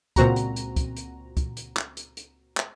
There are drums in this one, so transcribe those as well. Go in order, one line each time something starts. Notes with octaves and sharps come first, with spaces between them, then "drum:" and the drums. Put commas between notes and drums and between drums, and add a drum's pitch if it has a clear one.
C#2 A#2 C4 F#4 A#5, drum: kick, hi-hat
drum: hi-hat
drum: hi-hat
drum: kick, hi-hat
drum: hi-hat
drum: kick, hi-hat
drum: hi-hat
drum: clap
drum: hi-hat
drum: hi-hat
drum: clap